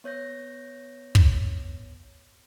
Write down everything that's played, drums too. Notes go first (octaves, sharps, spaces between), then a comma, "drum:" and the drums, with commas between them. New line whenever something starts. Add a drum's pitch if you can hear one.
B3 C#5 G6 A#6
drum: kick